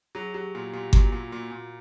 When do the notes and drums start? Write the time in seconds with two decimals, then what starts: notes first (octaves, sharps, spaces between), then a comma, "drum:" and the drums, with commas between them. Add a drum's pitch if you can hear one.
0.15 F#3 G#4
0.34 F#3 G4
0.55 A#2 F#4
0.73 A#2 G4
0.93 A#2 F#4, drum: kick G1
1.12 A#2 F4
1.32 A#2 F#4
1.51 A#2